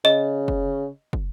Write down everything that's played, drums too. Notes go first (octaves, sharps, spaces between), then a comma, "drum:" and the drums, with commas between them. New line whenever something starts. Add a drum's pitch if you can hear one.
C#3 D#5
drum: kick
drum: kick